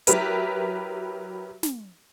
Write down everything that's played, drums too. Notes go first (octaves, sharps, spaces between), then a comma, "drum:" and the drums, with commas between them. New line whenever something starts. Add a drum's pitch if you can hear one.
F#3 E4 G4 A#4 B4 E5, drum: hi-hat
drum: snare